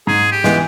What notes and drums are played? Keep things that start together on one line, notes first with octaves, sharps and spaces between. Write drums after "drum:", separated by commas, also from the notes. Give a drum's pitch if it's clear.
G#2 G#4
G4
E3 G#3 B3, drum: snare